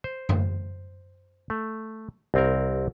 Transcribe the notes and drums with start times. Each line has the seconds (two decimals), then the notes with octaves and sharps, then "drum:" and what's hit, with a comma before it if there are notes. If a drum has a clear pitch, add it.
0.04 C5
0.29 drum: tom F#2
1.50 A3
2.34 C2 C4 A#4